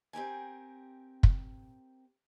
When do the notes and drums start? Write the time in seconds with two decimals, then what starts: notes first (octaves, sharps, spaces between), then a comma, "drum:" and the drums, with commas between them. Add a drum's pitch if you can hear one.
0.13 C4 G4 A#4 G#5
1.23 drum: kick